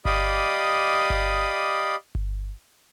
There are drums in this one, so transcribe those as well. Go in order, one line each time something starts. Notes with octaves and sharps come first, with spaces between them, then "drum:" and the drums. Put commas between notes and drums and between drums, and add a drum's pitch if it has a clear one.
G4 D5 D#5 F5 B5 D#6, drum: kick G1
drum: kick G1
drum: kick G1